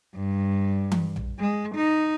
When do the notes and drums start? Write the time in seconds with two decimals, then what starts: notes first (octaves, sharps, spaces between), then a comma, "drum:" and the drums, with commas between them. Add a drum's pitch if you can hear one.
0.16 G2
0.92 drum: tom E3
1.16 drum: tom A#1
1.39 G#3
1.76 D#4